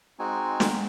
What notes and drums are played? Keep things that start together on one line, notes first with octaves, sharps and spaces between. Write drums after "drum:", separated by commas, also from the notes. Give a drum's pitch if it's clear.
G#3 C4 D#4 F#4 G#5
drum: snare